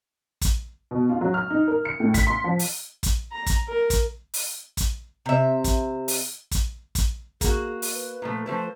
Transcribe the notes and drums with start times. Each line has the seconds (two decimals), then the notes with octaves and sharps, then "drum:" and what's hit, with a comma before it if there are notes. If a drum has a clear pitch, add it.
0.41 drum: kick, hi-hat
0.91 B2
1.09 F4
1.21 F#3
1.34 F6
1.50 D#4
1.68 A#4
1.85 C#7
2.00 A2
2.14 B6, drum: kick, hi-hat
2.27 C6
2.44 F3
2.59 drum: open hi-hat
3.03 drum: kick, hi-hat
3.32 A#5
3.46 drum: kick, hi-hat
3.68 A#4
3.90 drum: kick, hi-hat
4.34 drum: open hi-hat
4.77 drum: kick, hi-hat
5.26 C3 E5
5.64 drum: kick, hi-hat
6.08 drum: open hi-hat
6.51 drum: kick, hi-hat
6.95 drum: kick, hi-hat
7.41 A#3 F#4 G#4, drum: kick, hi-hat
7.82 drum: open hi-hat
7.95 B4
8.22 A#2 F3 A3
8.46 F3 A3 B4 C5